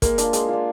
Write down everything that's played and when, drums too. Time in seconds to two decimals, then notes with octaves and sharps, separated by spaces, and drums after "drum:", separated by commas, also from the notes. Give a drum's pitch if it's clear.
0.02 G#3 A#3, drum: kick, hi-hat
0.18 D4 F4, drum: hi-hat
0.33 G#3, drum: hi-hat
0.48 D4 F4